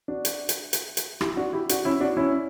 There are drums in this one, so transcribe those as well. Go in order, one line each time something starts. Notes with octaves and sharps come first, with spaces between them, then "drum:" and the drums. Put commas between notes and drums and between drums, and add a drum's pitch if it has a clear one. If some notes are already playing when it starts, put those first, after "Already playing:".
D4 F#4
drum: hi-hat
drum: hi-hat
drum: hi-hat
drum: hi-hat
E4 G4, drum: rim click
D4 F#4
E4 G4
D4 F#4, drum: hi-hat
C#4 E4
D4 F#4
C#4 E4